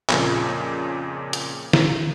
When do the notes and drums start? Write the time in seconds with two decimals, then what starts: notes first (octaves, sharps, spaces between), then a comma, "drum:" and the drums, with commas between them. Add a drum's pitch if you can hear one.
0.09 F2 A#2 C#3, drum: clap
1.33 drum: hi-hat
1.73 drum: snare